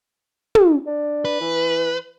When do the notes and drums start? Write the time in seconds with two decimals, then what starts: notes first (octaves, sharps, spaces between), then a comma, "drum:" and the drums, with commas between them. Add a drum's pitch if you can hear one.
0.55 drum: tom
0.87 D4
1.25 B4
1.40 E3